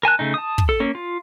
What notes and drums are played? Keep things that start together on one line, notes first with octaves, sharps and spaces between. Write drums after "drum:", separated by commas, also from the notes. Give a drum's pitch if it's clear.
A#4 G#5 A5 F#6
C#3 A3 D#4
A5 D#6
drum: kick
A4
A#3 C#4
F4